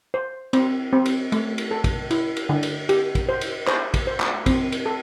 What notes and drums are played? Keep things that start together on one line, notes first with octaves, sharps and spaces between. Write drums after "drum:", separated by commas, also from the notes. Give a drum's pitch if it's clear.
C5
C4, drum: cymbal
C4
drum: cymbal
A3, drum: cymbal
drum: cymbal
A4
drum: kick, cymbal
E4, drum: cymbal
drum: cymbal
D3
drum: cymbal
G4, drum: cymbal
drum: kick, cymbal
C5
drum: cymbal
C5, drum: clap
drum: kick, cymbal
C5
drum: clap
C4, drum: kick, cymbal
drum: cymbal
A4